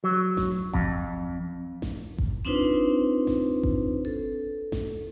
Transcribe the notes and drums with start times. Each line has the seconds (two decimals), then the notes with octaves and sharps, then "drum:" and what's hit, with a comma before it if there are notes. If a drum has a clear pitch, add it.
0.04 F#3
0.37 drum: snare A1
0.73 F2, drum: kick G#1
1.82 drum: snare A1
2.18 drum: kick G#1
2.45 C4 D4 D#4 F4 B4 C5
3.27 drum: snare A1
3.63 drum: kick G#1
4.05 A4
4.72 drum: snare A1